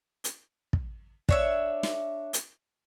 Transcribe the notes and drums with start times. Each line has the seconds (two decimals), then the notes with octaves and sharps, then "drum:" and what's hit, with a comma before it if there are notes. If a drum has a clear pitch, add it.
0.24 drum: hi-hat
0.73 drum: kick
1.29 D4 C#5 E5, drum: kick
1.83 drum: snare
2.33 drum: hi-hat